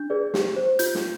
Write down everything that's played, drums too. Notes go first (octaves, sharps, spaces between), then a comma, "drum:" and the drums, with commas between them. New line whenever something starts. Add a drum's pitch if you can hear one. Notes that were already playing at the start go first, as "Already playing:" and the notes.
Already playing: D4 G6
G#4 B4 D5
G4, drum: snare
C5
F4 G6, drum: hi-hat
drum: snare